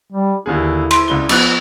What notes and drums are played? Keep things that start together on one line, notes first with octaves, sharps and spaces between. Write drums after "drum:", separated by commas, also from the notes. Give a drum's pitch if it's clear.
G3
D#2 D3 E4 G#4
C6 D7, drum: cymbal
C#2 D4 G7
F3 B3 F#6, drum: cymbal